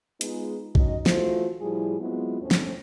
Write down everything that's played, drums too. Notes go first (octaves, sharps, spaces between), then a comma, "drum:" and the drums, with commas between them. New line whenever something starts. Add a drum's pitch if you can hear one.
G#3 B3 D#4 F4 G#4, drum: hi-hat
F#3 C#4 D#4 D#5, drum: kick
E3 A3 F4 F#4 C5, drum: snare
A2 F3 G3 E4 G#4
F#3 G#3 B3 C4 E4 F4
E2 A2 C#4 D4 C5
drum: snare